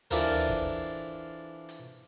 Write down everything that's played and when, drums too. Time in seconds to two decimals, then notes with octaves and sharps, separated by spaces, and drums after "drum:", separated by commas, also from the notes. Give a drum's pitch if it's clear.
0.11 E3 D4 F4 A4 A#4 C5, drum: tom D#2
0.49 drum: kick
1.69 drum: hi-hat